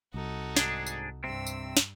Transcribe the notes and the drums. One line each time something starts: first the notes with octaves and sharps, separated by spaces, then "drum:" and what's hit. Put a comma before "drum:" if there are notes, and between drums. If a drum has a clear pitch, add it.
C2 D#4 F#4 A4
G#2 D4 G#4, drum: snare
drum: tambourine
G2 C3 C4 E6
drum: tambourine
drum: snare